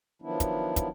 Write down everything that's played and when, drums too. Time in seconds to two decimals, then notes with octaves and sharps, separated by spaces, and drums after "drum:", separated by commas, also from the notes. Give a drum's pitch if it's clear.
0.22 D#3 F3 F#3 B3 D4 E4
0.40 drum: kick, hi-hat
0.76 drum: kick, hi-hat